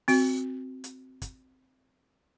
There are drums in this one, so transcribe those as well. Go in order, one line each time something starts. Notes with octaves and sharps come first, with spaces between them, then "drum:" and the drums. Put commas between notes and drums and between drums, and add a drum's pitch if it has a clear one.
C4 F#4, drum: open hi-hat
drum: hi-hat
drum: kick, hi-hat